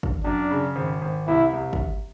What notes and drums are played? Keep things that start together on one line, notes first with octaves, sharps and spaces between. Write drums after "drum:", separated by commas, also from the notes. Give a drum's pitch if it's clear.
drum: kick
F#2 D4
C#3
G#1
G#1
C2 E4
C2
drum: kick